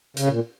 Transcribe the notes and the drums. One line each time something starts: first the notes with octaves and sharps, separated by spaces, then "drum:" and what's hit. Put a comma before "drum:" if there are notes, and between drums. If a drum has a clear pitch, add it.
C#3, drum: hi-hat
A#2